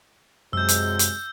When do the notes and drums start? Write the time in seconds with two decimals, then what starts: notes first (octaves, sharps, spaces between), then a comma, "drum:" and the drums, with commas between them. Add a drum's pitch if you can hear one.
0.53 F#2 C3 F#3 G#3 E6 G6
0.69 drum: hi-hat
0.99 drum: hi-hat